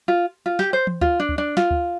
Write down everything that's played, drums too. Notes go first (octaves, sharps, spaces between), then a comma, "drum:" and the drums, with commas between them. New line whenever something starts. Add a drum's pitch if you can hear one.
F4
F4
G4, drum: snare
C5
drum: tom E3
F4, drum: kick D2
D4
drum: kick D2
D4
F4, drum: snare
drum: kick D2